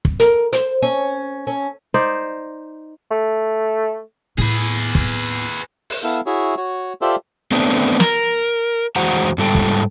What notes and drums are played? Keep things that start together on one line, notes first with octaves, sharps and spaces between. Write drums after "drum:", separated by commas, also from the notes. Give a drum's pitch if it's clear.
drum: kick
A#4, drum: hi-hat
C5, drum: hi-hat
C#4
C#4
D#4 C5 D5
A3
A2 B3 G#4 B4
drum: kick
drum: open hi-hat
B3 E4 A4 F5
E4 F#4 G#4 C#5 E5
F#4 C#5
F4 G4 A4 C5 D5 E5
A3 B3 C4 D4, drum: hi-hat
A#4, drum: snare
E2 G#3 F#4 C5 F#5 A#5
G#2 G3 A4 G5
drum: kick